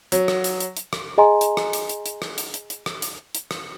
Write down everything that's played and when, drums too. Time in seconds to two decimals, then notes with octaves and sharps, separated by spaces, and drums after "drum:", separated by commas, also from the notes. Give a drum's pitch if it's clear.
0.12 F#3, drum: hi-hat
0.28 drum: rim click
0.44 drum: hi-hat
0.60 drum: hi-hat
0.77 drum: hi-hat
0.93 drum: rim click
1.18 G#4 D#5 G#5 A#5 C6
1.41 drum: hi-hat
1.57 drum: rim click
1.73 drum: hi-hat
1.89 drum: hi-hat
2.06 drum: hi-hat
2.22 drum: rim click
2.38 drum: hi-hat
2.54 drum: hi-hat
2.70 drum: hi-hat
2.86 drum: rim click
3.02 drum: hi-hat
3.35 drum: hi-hat
3.51 drum: rim click